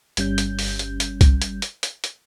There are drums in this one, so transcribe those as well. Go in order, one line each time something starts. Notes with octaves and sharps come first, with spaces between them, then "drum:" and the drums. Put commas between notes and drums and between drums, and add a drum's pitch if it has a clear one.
G1 G3 C#4 G6, drum: hi-hat
drum: hi-hat
drum: open hi-hat
drum: hi-hat
drum: hi-hat
drum: kick C2, hi-hat
drum: hi-hat
drum: hi-hat
drum: hi-hat
drum: hi-hat